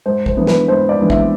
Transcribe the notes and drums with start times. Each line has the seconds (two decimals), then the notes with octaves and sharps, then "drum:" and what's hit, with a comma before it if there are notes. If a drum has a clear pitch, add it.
0.06 G#2 C5
0.26 C5, drum: kick
0.37 E3 G#3 B3 D4
0.47 B4, drum: snare
0.68 G#2 C5
0.89 D5
1.00 E3 G#3 B3 D4
1.10 E5, drum: kick